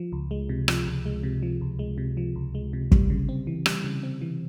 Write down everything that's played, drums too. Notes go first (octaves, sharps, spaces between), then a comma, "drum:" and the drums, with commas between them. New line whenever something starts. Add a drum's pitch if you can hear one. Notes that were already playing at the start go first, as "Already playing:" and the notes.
Already playing: F3
C#2
G#3
C3
F3, drum: rim click
C#2
G#3
C3
F3
C#2
G#3
C3
F3
C#2
G#3
C3
G3, drum: kick
C#3
C4
E3
G3, drum: rim click
C#3
C4
E3